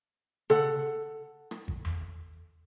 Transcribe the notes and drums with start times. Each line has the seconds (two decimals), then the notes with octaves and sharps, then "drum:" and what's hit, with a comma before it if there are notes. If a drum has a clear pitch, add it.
0.50 A4 F#5, drum: tom C#3
1.51 drum: rim click
1.68 drum: kick G#1
1.85 drum: tom E2